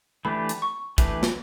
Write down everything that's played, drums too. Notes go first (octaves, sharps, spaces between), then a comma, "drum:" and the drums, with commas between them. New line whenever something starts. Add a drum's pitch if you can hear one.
E3 A3 D4 G4 B4 B5
drum: hi-hat
C#6
E3 A3 D4 G4 B4, drum: kick, hi-hat
drum: snare